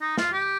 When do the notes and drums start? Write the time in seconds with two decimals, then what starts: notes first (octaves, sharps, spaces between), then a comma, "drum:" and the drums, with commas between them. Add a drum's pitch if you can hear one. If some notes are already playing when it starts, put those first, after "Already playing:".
0.01 D#4
0.17 F4, drum: snare
0.32 G4